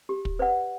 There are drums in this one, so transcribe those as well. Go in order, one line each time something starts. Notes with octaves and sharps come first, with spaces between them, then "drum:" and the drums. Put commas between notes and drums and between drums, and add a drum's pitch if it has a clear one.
G4
drum: kick
B4 D5 F#5